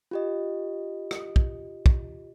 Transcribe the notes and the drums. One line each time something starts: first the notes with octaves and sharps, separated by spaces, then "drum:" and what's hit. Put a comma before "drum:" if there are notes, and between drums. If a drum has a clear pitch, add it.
F4 G4 D#5
drum: rim click
drum: kick
drum: kick